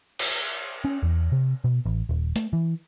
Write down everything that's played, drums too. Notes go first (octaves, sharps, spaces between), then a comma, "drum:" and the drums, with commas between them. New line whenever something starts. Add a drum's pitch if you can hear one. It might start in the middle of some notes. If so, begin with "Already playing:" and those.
drum: cymbal
C#4
E2
C3
B2
A1
D#1
A3, drum: hi-hat
E3